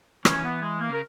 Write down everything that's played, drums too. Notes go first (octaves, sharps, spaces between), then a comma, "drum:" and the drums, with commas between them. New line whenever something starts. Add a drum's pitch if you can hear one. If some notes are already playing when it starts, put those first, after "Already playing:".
E3 C#4, drum: rim click
B3
G#3
A#3
C#3 A#4